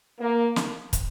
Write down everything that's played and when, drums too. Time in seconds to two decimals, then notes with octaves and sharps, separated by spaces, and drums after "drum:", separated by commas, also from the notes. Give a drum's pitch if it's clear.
0.20 A#3
0.56 drum: snare
0.93 drum: kick, hi-hat